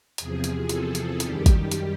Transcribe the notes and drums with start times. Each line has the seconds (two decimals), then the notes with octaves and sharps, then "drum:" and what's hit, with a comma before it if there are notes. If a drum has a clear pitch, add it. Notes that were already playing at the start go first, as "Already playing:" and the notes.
0.18 E2 C3 F3 G#4, drum: hi-hat
0.44 drum: hi-hat
0.69 A4, drum: hi-hat
0.95 drum: hi-hat
1.20 F#2 D#3 G3 G4, drum: hi-hat
1.46 drum: kick G#1, hi-hat
1.71 drum: hi-hat